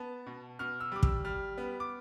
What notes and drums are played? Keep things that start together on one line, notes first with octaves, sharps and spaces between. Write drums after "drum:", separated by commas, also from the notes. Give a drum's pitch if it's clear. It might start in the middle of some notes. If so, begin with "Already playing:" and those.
Already playing: B3 A5
B2
B2 F6
E6
G3 D6
E6, drum: kick
G3 F6
B3
D6